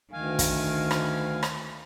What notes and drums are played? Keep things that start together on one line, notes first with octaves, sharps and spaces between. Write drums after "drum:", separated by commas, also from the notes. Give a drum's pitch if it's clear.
D2 D#3 F5 G#5
drum: kick, hi-hat
drum: rim click
drum: rim click